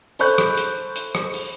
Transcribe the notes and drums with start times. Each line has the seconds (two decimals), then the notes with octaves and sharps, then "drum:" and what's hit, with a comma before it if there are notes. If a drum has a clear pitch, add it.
0.19 A4 C5 B5 C#6 F#6 G6, drum: open hi-hat
0.38 drum: rim click
0.57 drum: hi-hat
0.96 drum: hi-hat
1.15 drum: rim click
1.34 drum: open hi-hat